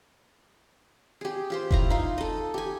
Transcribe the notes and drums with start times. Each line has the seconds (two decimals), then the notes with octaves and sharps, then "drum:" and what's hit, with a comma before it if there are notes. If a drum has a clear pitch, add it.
1.21 G4 G#4
1.50 F4 G4 C5
1.71 E4 F4 A#5, drum: kick F1
1.90 D#4 F4
2.18 A4 D#5
2.54 G4 G#5